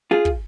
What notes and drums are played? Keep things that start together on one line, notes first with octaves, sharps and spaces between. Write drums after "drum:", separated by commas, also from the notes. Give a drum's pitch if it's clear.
F4 G#4
drum: kick